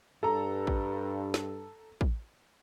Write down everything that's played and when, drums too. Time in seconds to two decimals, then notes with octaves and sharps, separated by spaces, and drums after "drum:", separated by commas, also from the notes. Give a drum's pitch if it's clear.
0.23 G2 A4 A#5
0.67 drum: kick
1.34 drum: snare
2.01 drum: kick